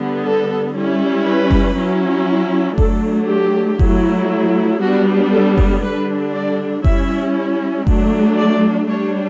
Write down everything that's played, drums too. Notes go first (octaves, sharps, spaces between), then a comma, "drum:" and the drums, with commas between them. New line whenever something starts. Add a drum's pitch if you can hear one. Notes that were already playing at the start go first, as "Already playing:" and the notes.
Already playing: D3 G3 B3
A4
G3 C#4 E4
B4
drum: kick F#1
F#3 C#4 E4
F#3 A3 D4 A4, drum: kick F#1
G4
F#3 A3 E4, drum: kick F#1
G3 B3 D4 F#4
A4
drum: kick F#1
D3 G3 D4 B4
D5
G3 C#4 E4 E5, drum: kick F#1
F#3 A3 D4, drum: kick F#1
D5
G3 D4 C#5